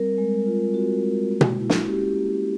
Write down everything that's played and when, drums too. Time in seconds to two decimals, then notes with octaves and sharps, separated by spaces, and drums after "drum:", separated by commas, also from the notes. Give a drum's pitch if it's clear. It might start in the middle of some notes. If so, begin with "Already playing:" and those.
Already playing: G3 C4 A#4
0.18 G#3
0.46 F4
0.74 C4 F#4
1.03 G#3
1.31 A#3
1.41 drum: tom B2
1.59 E4
1.70 drum: snare
1.87 C#4 G4
2.16 A#3